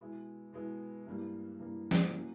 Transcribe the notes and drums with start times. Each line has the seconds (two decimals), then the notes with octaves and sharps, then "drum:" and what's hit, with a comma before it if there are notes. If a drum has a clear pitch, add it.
0.01 B2 G#3 B3 E4
0.53 B2 G#3 B3 E4
1.07 G2 E3 G3 A#3
1.59 G2 E3 G3 A#3
1.91 drum: snare
2.12 A2 F#3 A#3 C#4 F#4